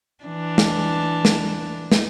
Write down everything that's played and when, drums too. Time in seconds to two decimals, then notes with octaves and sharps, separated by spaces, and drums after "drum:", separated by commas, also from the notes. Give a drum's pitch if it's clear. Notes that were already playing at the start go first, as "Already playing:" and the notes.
0.25 E3 D4
0.58 drum: snare
1.25 drum: snare
1.92 drum: snare